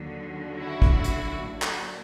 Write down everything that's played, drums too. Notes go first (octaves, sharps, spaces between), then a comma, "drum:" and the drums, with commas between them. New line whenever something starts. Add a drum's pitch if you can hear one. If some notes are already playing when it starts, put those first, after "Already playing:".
Already playing: D#2 D3 F#3
E4 F#4
drum: kick
drum: hi-hat
A2 F#3 A#3 D4
drum: clap